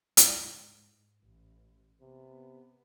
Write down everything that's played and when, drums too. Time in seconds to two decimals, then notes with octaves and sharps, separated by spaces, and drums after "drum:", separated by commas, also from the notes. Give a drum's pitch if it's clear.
0.17 G#2, drum: hi-hat
1.20 A1
2.00 C3 B3